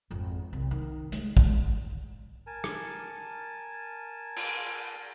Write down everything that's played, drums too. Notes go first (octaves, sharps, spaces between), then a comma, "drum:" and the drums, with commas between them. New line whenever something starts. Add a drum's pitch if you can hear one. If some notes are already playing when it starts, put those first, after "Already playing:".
G#1 F2
C2
D#3
G#3, drum: hi-hat
G#3, drum: kick
A#4 G#5 A5
drum: rim click
drum: cymbal